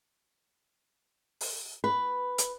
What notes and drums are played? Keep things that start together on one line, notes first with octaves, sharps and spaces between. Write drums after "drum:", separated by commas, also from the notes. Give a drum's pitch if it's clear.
drum: open hi-hat
B4
drum: hi-hat